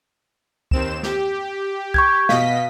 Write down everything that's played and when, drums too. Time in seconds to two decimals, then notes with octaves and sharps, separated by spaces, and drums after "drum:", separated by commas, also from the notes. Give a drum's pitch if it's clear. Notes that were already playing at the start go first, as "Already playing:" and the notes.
0.71 D#2 C4 E7, drum: kick
1.03 G4, drum: snare
1.94 C#6 G6 G#6, drum: kick
2.29 B2 D#5 F5 B6, drum: snare